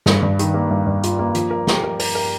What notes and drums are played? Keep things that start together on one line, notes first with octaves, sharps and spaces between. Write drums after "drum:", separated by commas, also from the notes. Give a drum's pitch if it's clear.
G2, drum: snare
G2
D#3, drum: hi-hat
A#3
G2
G2
F4, drum: hi-hat
A#3
F3, drum: hi-hat
A#4
G4, drum: snare
A#4
A#4, drum: open hi-hat
A#4